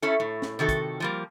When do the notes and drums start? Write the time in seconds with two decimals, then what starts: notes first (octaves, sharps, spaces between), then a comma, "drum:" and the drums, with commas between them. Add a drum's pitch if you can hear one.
0.02 C#4 E4 A4
0.20 A2
0.42 drum: snare
0.59 C3 D#3 F#4 A4
0.69 drum: kick, hi-hat
1.00 F3 G3 A#3